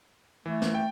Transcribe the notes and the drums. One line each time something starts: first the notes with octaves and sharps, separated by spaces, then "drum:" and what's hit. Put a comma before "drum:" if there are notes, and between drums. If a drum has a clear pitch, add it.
E3 A3
E3, drum: snare
G5